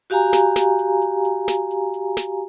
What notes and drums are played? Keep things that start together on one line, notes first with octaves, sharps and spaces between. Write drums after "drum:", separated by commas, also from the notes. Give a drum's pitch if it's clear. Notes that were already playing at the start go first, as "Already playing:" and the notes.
F#4 G4 F5 G#5 A#5
drum: snare
drum: snare
drum: hi-hat
drum: hi-hat
drum: hi-hat
drum: snare
drum: hi-hat
drum: hi-hat
drum: snare